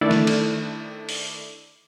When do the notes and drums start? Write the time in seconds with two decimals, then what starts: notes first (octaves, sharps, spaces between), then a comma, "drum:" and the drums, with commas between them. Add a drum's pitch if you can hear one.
0.01 D#3 A3 D4 E4 A4 D5
0.11 drum: snare
0.27 drum: cymbal
1.09 drum: open hi-hat